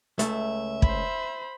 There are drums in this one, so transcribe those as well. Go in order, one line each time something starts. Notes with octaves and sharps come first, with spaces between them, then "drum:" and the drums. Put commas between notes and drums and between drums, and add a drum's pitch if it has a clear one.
C#2 A3 E5, drum: hi-hat
C5 B5, drum: kick